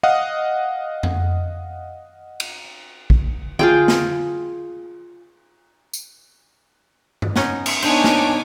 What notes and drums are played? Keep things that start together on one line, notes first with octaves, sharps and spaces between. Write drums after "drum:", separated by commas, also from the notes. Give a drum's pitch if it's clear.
D#5 F5 F#5 D#6
drum: tom F2
drum: cymbal
drum: kick
F4 G#4 G5, drum: tom
drum: snare
drum: tambourine
drum: tom G2
B3 C#4 D#4, drum: snare
drum: cymbal
B3 D4 D#4 C5 C#5 G#5 D6, drum: cymbal
drum: snare